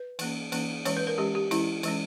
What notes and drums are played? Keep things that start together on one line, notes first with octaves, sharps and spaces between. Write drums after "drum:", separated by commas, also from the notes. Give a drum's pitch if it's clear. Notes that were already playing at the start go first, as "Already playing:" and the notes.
Already playing: B4
E3 A#3 C#4, drum: cymbal
E3 A#3 C#4, drum: cymbal
E3 G#3 C#4 C#5, drum: cymbal
B4
A#4
E3 G#3 C#4 G4
G4
E3 G#3 C#4 E4, drum: cymbal
E3 G#3 C#4, drum: cymbal